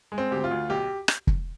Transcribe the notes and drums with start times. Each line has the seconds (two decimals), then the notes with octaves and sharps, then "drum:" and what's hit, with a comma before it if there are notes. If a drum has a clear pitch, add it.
0.12 G#3
0.18 C4
0.31 D2 G4
0.44 F4
0.51 D2
0.70 B1 G4
1.08 drum: rim click
1.27 drum: kick